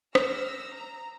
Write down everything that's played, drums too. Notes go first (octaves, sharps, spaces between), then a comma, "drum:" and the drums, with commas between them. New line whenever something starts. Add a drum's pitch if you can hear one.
E6 F6 A#6, drum: rim click
A#5